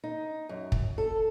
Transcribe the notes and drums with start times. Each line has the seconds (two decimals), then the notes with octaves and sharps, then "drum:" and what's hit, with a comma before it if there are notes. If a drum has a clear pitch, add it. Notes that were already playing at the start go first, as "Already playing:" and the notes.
0.04 D#4
0.49 F#2
0.72 drum: kick
0.98 A4